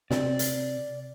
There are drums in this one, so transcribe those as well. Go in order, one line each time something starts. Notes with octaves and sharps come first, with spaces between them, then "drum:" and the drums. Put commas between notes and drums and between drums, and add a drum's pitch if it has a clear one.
C3 C4 D5, drum: snare
drum: hi-hat